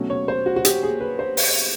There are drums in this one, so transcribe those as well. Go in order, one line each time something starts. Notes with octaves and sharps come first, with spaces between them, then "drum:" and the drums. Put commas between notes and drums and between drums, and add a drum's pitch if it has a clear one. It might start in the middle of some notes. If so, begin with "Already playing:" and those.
Already playing: B2 F#3 A3 C#4
C#5
C5
F#4
F#4
G4, drum: hi-hat
G#4
B4
C5
drum: open hi-hat